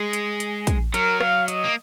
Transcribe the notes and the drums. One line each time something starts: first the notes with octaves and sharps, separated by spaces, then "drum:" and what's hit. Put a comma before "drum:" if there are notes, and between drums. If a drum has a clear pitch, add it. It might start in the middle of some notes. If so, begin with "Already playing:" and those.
Already playing: G#3 G#4
drum: hi-hat
drum: hi-hat
drum: kick, hi-hat
F#3 A#4, drum: hi-hat
F5, drum: rim click
D#5, drum: hi-hat
A#3